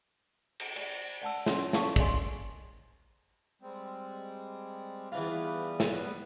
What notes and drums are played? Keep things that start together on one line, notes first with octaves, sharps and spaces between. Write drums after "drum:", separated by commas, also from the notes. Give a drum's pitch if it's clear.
drum: cymbal
D5, drum: cymbal
D5 F#5 A5 E6
C#4 F4 C#5 E5 C6, drum: snare
A4 C#5 D5 F5 A5 C#6, drum: snare
G#4 D5 D#5 G#5 C6, drum: kick
G3 G#3 C4
E2 E3 G3 B3 F4 B4
drum: snare